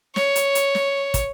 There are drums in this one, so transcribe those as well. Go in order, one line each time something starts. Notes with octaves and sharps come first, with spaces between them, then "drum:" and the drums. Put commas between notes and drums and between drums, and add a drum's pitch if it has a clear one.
C#5, drum: snare
drum: hi-hat
drum: hi-hat
drum: snare
drum: kick, hi-hat